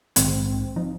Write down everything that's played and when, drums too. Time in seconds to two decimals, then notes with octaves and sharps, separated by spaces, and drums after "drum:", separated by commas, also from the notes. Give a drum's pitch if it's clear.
0.16 A#1 G#2 D#3 G#3 C4, drum: hi-hat
0.76 F3 D#4